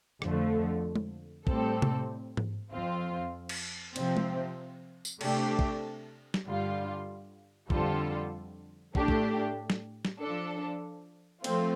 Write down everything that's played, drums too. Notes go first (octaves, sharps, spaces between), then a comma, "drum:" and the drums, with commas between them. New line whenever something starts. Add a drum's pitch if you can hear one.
F2 D3 F3 A3, drum: rim click
drum: tom G#3
A2 G3 C4 A4, drum: kick
drum: tom C3
drum: tom G#2
F2 F3 C4 F4
drum: cymbal
C3 F3 C4, drum: cymbal
drum: tom G#3
drum: tambourine
C3 A3 D4 G4, drum: cymbal
drum: kick
drum: snare
G2 D3 G3 F4
F2 D3 G3 F4 A4, drum: kick
A2 A3 D4 G4, drum: kick
drum: kick
drum: snare
drum: snare
F3 D4 A4
F3 A3 C4 F4, drum: cymbal